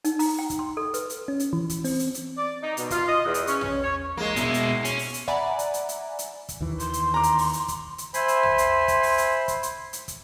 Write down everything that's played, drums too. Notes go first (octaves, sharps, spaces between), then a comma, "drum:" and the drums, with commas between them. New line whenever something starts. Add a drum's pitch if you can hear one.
D#4, drum: hi-hat
A#5, drum: open hi-hat
G5
drum: kick, hi-hat
C6
A4
B4, drum: hi-hat
drum: hi-hat
C#4
drum: hi-hat
E3
drum: kick, hi-hat
C4, drum: open hi-hat
drum: hi-hat
drum: hi-hat
D5
D#4
B2, drum: hi-hat
F4, drum: kick, hi-hat
D#5
E2
drum: hi-hat
C#4, drum: hi-hat
C#4, drum: tom
C#5
G#3 A#3
B2 E4, drum: hi-hat
drum: hi-hat
drum: kick
C#4, drum: hi-hat
drum: open hi-hat
drum: hi-hat
D5 E5 F#5 G#5 A#5 B5, drum: kick
drum: hi-hat
drum: hi-hat
drum: hi-hat
drum: hi-hat
drum: kick, hi-hat
D#2 D#3 E3
C6, drum: hi-hat
drum: hi-hat
A#5 D6
drum: hi-hat
drum: open hi-hat
drum: hi-hat
drum: kick, hi-hat
drum: hi-hat
C5 E5 G#5 B5 C6, drum: hi-hat
drum: hi-hat
drum: tom
drum: hi-hat
drum: kick, hi-hat
drum: open hi-hat
drum: hi-hat
drum: kick, hi-hat
drum: hi-hat
drum: hi-hat
drum: kick, hi-hat